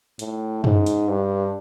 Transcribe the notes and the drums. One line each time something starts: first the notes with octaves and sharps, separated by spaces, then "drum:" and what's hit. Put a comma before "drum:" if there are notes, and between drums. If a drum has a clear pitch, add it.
A2, drum: hi-hat
G#2, drum: tom F#2
drum: hi-hat
G2